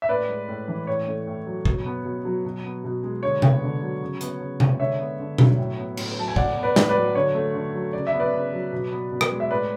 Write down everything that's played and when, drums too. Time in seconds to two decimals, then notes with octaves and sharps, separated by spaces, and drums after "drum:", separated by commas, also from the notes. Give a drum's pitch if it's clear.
0.02 E5
0.09 A2 B4 D5
0.29 G#3
0.48 A2
0.68 E3
0.87 A2 C#5
1.07 A3
1.27 A2
1.47 F#3
1.65 B2, drum: kick
1.86 B3
2.05 B2
2.25 F#3
2.45 B2
2.64 B3
2.84 B2
3.03 G#3
3.23 D3 C#5
3.42 B3, drum: tom C3
3.63 D3
3.81 F#3
4.02 C#3
4.21 B3, drum: hi-hat
4.40 C#3
4.60 G#3, drum: tom C3
4.79 D3 C#5 E5
5.00 B3
5.19 D3
5.38 F#3, drum: tom B2
5.58 A2
5.77 B3
5.97 A2, drum: cymbal
6.17 F#3 A5
6.28 G#5
6.36 A2 D5 F#5, drum: kick
6.57 B3
6.63 B4 D5
6.76 A2, drum: snare
6.89 B4 D5
6.96 F#3
7.15 D3 C#5
7.35 A3
7.54 D3
7.74 F#3
7.93 C#3 D5
8.07 E5
8.13 B3
8.20 B4 D5
8.33 C#3
8.53 F#3
8.72 B2
8.92 B3
9.12 B2
9.21 drum: rim click
9.31 G#3
9.40 E5
9.50 A2 B4 D5